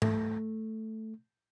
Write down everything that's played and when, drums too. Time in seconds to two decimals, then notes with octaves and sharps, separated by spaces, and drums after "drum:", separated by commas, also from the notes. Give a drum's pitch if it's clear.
0.02 A3, drum: tom G#2